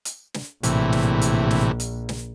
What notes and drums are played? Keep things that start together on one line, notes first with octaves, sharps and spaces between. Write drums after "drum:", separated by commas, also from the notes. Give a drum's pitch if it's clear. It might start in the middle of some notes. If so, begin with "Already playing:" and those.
drum: hi-hat
drum: snare
A#1 A2 C3 E3, drum: hi-hat
drum: snare
drum: hi-hat
drum: snare
drum: hi-hat
drum: snare